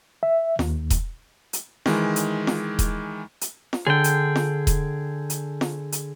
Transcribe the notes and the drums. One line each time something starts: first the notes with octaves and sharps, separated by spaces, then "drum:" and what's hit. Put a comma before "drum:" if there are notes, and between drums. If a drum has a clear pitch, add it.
E5
D#2, drum: snare
drum: kick E1, hi-hat
drum: hi-hat
D#3 E3 G#3, drum: snare
drum: hi-hat
drum: snare
drum: kick E1, hi-hat
drum: hi-hat
drum: snare
D3 G#4 G5
drum: hi-hat
drum: snare
drum: kick E1, hi-hat
drum: hi-hat
drum: snare
drum: hi-hat